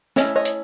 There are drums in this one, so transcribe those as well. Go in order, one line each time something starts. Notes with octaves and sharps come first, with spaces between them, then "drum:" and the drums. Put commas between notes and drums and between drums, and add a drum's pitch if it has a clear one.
A3 C#4 E4 C#5 D#5, drum: snare
C#5 D#5
drum: hi-hat